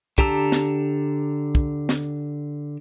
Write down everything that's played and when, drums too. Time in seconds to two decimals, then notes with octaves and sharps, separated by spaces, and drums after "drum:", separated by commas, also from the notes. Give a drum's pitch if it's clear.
0.18 D3 G4 A5 A#5 E6, drum: kick
0.52 drum: snare
1.55 drum: kick
1.89 drum: snare